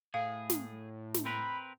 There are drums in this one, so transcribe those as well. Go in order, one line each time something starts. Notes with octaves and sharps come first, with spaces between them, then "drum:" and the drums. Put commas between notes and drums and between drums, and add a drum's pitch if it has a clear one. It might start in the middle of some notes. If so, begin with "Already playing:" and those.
A2 G#4 F5
drum: snare
drum: snare
C4 A#4 B4 B5